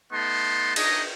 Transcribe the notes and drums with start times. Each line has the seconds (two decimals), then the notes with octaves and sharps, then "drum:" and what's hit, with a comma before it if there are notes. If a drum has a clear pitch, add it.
0.13 A3 B3 D#4 A5 C6
0.76 D4 D#4 C#5 D#5, drum: cymbal